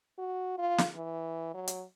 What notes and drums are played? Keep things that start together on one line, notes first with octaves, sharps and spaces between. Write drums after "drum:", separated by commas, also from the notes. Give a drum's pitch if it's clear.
F#4
F4
drum: snare
E3
F#3
drum: hi-hat